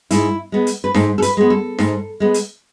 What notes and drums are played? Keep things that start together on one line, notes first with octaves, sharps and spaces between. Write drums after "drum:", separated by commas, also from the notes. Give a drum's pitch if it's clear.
G#2 E4, drum: hi-hat
G#3 B3
drum: hi-hat
B4
G#2 A4, drum: snare D#4
A4
B4, drum: hi-hat
G#3 B3
A4
G#2, drum: snare D#4
G#3 B3
drum: hi-hat